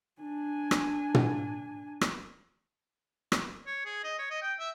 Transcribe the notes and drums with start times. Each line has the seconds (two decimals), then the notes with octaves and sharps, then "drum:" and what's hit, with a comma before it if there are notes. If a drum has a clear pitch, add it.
0.21 D4 G#5
0.71 drum: rim click
1.14 drum: tom
2.01 drum: rim click
3.32 drum: rim click
3.67 C#5
3.86 G#4
4.04 D#5
4.19 C#5
4.31 D#5
4.42 G5
4.59 E5